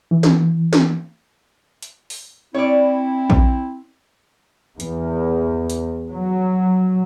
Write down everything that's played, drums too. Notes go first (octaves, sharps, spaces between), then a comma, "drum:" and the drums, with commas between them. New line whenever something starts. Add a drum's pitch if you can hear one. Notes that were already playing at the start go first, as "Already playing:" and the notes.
E3
drum: snare
drum: snare
drum: hi-hat
drum: open hi-hat
C4 E4 C#5 D5
drum: kick A#1
E2, drum: hi-hat
drum: hi-hat
F#3